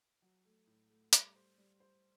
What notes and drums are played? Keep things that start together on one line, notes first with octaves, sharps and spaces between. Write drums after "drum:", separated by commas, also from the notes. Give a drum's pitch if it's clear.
F#3
A3
A2
A3
G3, drum: hi-hat
C5
G3
C5